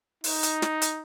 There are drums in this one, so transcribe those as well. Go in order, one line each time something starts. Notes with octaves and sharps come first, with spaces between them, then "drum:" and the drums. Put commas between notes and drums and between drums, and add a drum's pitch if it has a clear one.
D#4, drum: open hi-hat
drum: hi-hat
drum: snare
drum: hi-hat